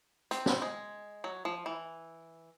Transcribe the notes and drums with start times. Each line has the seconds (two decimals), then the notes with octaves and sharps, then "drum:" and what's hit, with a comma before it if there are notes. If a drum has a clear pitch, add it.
0.31 C4, drum: hi-hat
0.46 drum: snare
0.62 G#3
1.24 F#3
1.45 F3
1.66 E3